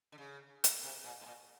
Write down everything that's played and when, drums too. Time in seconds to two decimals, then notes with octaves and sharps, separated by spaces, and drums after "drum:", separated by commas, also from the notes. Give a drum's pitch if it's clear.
0.12 D3
0.18 C#3
0.64 drum: hi-hat
0.83 C3
1.04 A#2
1.21 A2
1.26 A#2